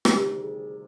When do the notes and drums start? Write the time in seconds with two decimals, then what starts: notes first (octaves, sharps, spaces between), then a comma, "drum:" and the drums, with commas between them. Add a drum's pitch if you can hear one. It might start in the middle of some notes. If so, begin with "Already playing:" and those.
0.05 D2 C3 D#3 G3 G4, drum: rim click
0.40 G#4